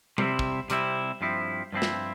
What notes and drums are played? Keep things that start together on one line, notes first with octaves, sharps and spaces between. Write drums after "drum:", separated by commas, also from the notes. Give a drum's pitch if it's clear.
C3 G3 C4 E4, drum: tom G3
drum: kick
C3 G3 C4 E4, drum: hi-hat
G2 F3 C4 E4
G2 F3 C4 E4
drum: snare